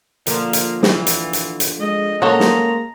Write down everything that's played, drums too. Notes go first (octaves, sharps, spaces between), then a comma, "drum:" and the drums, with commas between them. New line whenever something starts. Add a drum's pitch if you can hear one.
D3 F3 A#3 A#4, drum: hi-hat
drum: hi-hat
E3, drum: snare
drum: hi-hat
drum: hi-hat
drum: hi-hat
G#3 D#5
G#3 A#3 C#4 A4 C5 C#5 F#5 A#5
drum: snare